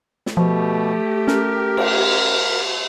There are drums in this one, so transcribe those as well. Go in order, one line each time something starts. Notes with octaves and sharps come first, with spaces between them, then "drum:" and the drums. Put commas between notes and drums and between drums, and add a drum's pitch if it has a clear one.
drum: snare
B2 F3 A3 G4
C#4 A#4, drum: snare
drum: cymbal